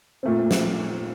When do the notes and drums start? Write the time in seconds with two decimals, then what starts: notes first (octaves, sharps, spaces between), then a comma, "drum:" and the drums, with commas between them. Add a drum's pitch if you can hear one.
0.23 A#2 A3 C4
0.51 drum: snare